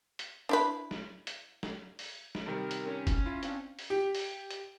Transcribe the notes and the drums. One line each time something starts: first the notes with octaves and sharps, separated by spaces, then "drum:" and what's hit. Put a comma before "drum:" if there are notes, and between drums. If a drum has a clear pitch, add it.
drum: hi-hat
D4 E4 B4
drum: snare
drum: hi-hat
drum: snare
drum: open hi-hat
drum: snare
C3 D#3 G3 A#4
drum: hi-hat
C#4
drum: kick F#1, hi-hat
E4 F4
C4 D4 F5, drum: hi-hat
drum: open hi-hat
G4
drum: open hi-hat
drum: hi-hat